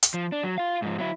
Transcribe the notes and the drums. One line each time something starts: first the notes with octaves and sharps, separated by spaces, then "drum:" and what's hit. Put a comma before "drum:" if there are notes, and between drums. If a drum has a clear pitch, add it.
drum: hi-hat
F3
D4
F#3
F4 F5
G#2 F3
F#3 E4